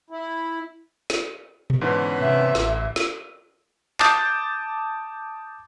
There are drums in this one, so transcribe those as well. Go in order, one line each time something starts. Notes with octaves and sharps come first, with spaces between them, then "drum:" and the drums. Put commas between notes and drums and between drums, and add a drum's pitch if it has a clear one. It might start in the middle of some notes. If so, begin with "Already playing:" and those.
E4
drum: snare
drum: tom A#2
G#2 D3 E3 B3 C#4
C3 E5
A1, drum: snare
drum: snare
A5 D6 D#6 G6 A6, drum: clap